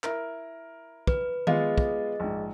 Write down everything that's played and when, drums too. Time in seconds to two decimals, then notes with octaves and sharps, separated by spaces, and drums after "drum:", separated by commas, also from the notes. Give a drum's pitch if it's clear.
0.04 E4 A#4, drum: clap
1.07 B4, drum: kick
1.47 G#3 B3 F4 G#4 D#5, drum: tom D#3
1.78 drum: kick
2.20 A#1 G#2